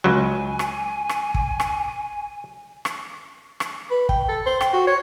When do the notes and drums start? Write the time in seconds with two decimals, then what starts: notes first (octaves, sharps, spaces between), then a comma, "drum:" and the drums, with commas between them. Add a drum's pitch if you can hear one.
0.04 C#2 F#3 G#5
0.59 drum: rim click
1.09 drum: rim click
1.34 drum: kick
1.60 drum: rim click
2.85 drum: rim click
3.60 drum: rim click
3.91 B4
4.09 G5, drum: kick
4.29 A4
4.46 C5
4.61 G5, drum: rim click
4.73 F#4
4.87 C#5